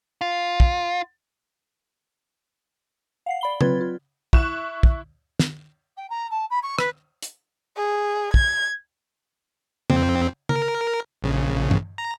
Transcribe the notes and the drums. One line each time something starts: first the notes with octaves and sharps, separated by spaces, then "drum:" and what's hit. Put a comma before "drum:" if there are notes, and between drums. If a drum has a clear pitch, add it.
F4
drum: kick
F5 F#5 C7
D5 B5 G7
F#3 C4 F4 B4 G#6 A6, drum: tom
F4
E4 C#6 F#6 E7, drum: kick
drum: kick
drum: snare
G5
A#5
A5
B5
C#6
B4, drum: rim click
drum: hi-hat
G#4
G#6, drum: kick
F2 C4, drum: tom
A#4, drum: tom
A#1 C#3
drum: tom G2
A#5